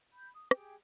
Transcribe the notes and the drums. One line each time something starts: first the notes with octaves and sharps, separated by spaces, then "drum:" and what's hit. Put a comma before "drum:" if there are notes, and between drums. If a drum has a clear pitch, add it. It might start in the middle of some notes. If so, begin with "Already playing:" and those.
B5 G6
D#6
G4 G#4 G5, drum: rim click